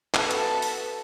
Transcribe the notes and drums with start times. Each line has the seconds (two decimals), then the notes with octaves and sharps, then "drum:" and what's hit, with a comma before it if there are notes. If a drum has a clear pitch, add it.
0.14 B3 F#4 A4 E5 A5, drum: clap
0.31 drum: hi-hat
0.62 drum: open hi-hat